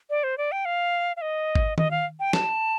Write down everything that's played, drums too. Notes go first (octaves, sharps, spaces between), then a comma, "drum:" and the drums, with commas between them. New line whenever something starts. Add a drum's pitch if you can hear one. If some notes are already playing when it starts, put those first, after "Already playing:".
D5
C5
D5
G5
F5
F5
D#5
drum: kick G#1
D#5, drum: tom
F5
G5
A5, drum: snare